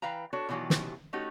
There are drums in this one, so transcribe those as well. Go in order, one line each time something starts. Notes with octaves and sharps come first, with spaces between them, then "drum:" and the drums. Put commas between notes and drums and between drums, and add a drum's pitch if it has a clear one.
E3 B4 F5 G5 A#5
D4 F#4 A4 C#5
B2 D#3 E3 F#3 F4 G4
drum: snare
A3 C#4 D#4 F#4 G4